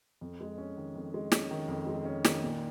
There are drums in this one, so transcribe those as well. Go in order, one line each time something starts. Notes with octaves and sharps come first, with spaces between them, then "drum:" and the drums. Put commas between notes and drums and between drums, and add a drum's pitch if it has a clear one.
F2
G#3
C#4
D#3
F2
G#3
C#4, drum: snare
D#3
F2
G#3
C#4
D#3, drum: snare
A#2